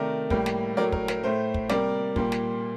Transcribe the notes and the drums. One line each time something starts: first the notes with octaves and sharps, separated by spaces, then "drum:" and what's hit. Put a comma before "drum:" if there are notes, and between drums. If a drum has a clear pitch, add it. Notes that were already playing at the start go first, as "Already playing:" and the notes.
Already playing: C3 D#3 A3 A#4 D5
A2 G3 A#3, drum: kick
drum: snare
A2 F#3 A3 A#4 D5
A#4, drum: kick
A#4, drum: snare
A2 A3 C5
drum: kick
C3 G3 A#3 A#4 D5, drum: snare
A#2 G3 A#3, drum: kick
drum: snare